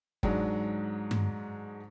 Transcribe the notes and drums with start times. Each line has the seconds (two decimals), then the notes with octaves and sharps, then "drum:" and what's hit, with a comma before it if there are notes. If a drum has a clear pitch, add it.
0.23 G#2 F#3 G#3 D4, drum: kick
1.11 drum: tom G2